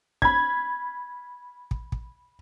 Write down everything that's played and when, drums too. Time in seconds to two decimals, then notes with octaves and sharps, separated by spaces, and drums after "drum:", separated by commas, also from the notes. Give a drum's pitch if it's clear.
0.22 B5 G#6, drum: kick
1.71 drum: kick
1.92 drum: kick